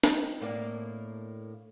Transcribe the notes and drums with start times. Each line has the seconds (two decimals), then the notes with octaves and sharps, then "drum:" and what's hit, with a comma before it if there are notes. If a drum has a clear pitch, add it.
0.04 C4 D#4 B4, drum: snare
0.41 A2 A#3 D4